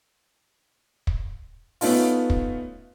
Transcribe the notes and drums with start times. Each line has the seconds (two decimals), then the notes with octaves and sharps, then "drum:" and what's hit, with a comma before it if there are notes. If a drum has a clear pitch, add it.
1.07 drum: kick
1.81 A3 B3 C#4 D#4 F4, drum: open hi-hat
2.30 drum: kick